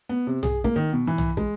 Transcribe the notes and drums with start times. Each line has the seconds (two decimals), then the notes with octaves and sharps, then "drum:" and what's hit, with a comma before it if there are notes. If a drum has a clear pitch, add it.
0.09 B3
0.27 C3
0.43 G#4, drum: tom
0.64 A#3, drum: kick
0.76 D#3
0.93 B2
1.07 E3
1.18 drum: tom
1.37 G#3, drum: kick